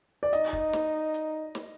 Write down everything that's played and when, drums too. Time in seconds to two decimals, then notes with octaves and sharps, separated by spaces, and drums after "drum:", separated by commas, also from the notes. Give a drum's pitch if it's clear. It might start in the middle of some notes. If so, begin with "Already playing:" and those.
0.23 D5
0.33 D#4 D#5, drum: hi-hat
0.53 drum: kick
0.73 drum: snare
1.14 drum: hi-hat
1.55 drum: snare